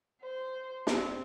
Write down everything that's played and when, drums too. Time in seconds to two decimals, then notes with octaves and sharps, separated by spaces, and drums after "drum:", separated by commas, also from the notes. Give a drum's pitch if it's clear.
0.22 C5
0.87 C4, drum: snare